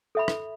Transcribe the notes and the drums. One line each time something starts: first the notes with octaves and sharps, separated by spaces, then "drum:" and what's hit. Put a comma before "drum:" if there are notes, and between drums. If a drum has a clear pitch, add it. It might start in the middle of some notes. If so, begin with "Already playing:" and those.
A4 E5 B5
drum: rim click